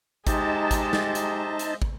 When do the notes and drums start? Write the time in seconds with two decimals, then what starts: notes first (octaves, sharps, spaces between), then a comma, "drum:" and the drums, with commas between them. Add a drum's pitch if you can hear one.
0.27 G#3 D#4 G4 C5 D#5 E5 A5, drum: kick, hi-hat
0.71 drum: kick, hi-hat
0.93 drum: snare
1.15 drum: hi-hat
1.59 drum: hi-hat
1.82 drum: kick